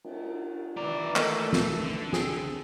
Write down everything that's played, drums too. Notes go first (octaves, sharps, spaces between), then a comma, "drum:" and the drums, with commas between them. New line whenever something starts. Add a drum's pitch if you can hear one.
drum: cymbal
D#3 E3 B3 D5 A#5
A3 A#3 A4 D#5, drum: clap
drum: snare
D3
C4 G#4, drum: snare